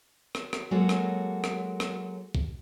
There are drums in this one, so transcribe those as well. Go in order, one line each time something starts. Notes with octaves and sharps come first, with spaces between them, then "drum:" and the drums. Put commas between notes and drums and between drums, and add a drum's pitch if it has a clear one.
drum: rim click
drum: rim click
F#3 G#3 A#3 F#4 A4 C#5
drum: rim click
drum: rim click
drum: rim click
drum: kick